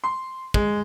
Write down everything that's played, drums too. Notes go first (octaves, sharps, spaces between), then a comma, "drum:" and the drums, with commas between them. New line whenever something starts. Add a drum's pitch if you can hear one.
C6
G#3, drum: kick